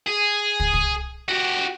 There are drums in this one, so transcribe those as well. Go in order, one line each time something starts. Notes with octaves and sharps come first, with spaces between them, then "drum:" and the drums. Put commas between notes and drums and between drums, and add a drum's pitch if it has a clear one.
G#4
drum: kick
drum: kick
F#4 G4